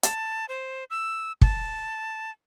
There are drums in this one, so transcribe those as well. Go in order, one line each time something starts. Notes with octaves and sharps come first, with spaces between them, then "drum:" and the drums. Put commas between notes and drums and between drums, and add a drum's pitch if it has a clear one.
A5, drum: hi-hat
C5
E6
A5, drum: kick